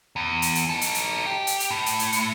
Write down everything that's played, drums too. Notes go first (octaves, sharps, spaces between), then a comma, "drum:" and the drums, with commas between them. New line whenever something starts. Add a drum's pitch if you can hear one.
E2
drum: hi-hat
drum: hi-hat
D#4 A4
drum: hi-hat
drum: hi-hat
G4
drum: hi-hat
drum: hi-hat
A2
drum: hi-hat
drum: hi-hat
drum: hi-hat